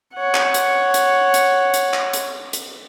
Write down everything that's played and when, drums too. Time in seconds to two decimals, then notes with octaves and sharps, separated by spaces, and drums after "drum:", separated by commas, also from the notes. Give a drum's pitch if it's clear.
0.15 C#5 F#5
0.34 drum: clap
0.54 drum: hi-hat
0.94 drum: hi-hat
1.34 drum: hi-hat
1.74 drum: hi-hat
1.94 drum: clap
2.13 drum: hi-hat
2.53 drum: hi-hat